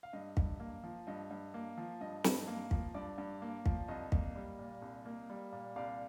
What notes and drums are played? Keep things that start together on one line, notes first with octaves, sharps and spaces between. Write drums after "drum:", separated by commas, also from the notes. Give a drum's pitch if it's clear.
F5
G2 D#5
G2, drum: kick
A#3
F3
G2 D#5
G2
A#3
F3
G2 D#5
G2, drum: snare
A#3
F3, drum: kick
G2 D5
G2
A#3
F3, drum: kick
C2 D#5
A#3, drum: kick
G3
A#2
C2
A#3
G3
A#2
C2 D5 F5